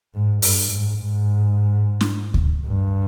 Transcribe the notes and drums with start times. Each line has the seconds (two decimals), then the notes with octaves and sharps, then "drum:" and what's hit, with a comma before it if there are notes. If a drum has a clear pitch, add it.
0.15 G#2
0.42 G2, drum: open hi-hat
0.71 G#2
0.99 G#2
2.01 drum: snare
2.34 drum: kick D2
2.67 G2